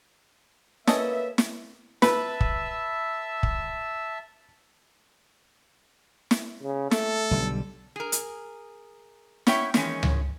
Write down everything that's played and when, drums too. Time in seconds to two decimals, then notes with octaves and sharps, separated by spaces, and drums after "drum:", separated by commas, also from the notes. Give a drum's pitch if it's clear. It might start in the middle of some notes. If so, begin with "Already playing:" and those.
0.87 A#3 C#4 A4 B4 D#5 E5, drum: snare
1.38 drum: snare
2.02 B4 E5 A5 E6, drum: snare
2.41 drum: kick
3.43 drum: kick
6.31 drum: snare
6.63 C#3
6.91 A3 A4, drum: snare
7.31 B1 D3 G3
7.96 G#4 A#4
8.12 drum: hi-hat
9.47 B3 C#4 E4 C#5 E5 G5, drum: snare
9.74 D#3 E3 G#3 C#4, drum: snare
10.03 drum: tom C#2